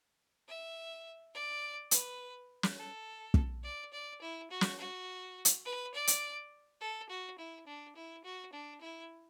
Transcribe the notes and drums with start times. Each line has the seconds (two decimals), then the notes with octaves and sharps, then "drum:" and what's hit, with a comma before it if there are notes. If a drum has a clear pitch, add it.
0.48 E5
1.34 D5
1.91 B4, drum: hi-hat
2.63 drum: snare
2.78 A4
3.34 drum: kick
3.64 D5
3.93 D5
4.21 E4
4.51 F#4
4.61 drum: snare
4.79 F#4
5.45 drum: hi-hat
5.66 B4
5.94 D5
6.07 drum: hi-hat
6.81 A4
7.09 F#4
7.38 E4
7.67 D4
7.96 E4
8.24 F#4
8.53 D4
8.81 E4